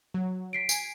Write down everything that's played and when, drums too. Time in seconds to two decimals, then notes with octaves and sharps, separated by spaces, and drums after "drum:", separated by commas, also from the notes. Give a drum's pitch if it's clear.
0.14 F#3
0.53 B6 C7 D7
0.69 G#5, drum: tambourine